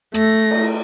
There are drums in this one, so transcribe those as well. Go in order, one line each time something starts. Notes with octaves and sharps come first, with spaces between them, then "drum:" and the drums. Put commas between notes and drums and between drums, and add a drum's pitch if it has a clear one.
A3 A#6, drum: rim click
drum: cymbal